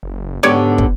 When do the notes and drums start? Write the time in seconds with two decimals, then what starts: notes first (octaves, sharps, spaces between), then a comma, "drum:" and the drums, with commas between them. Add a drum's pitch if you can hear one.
0.03 F#1
0.43 G#2 D3 B3 D4 G4 C#5 D5
0.78 drum: kick